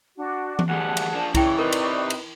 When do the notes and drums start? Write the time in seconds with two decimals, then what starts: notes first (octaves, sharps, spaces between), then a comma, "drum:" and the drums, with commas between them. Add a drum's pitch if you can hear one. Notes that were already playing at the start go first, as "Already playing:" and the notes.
0.17 D4 F#4
0.59 drum: tom E3
0.69 D2 G3 G#4 F#5 A5
0.97 drum: cymbal
1.14 F3 D4
1.35 C#3 E3 E4 D5 G5 C#6, drum: kick C2, cymbal
1.59 C3 D#4 A#4 B4
1.72 drum: cymbal
2.10 drum: cymbal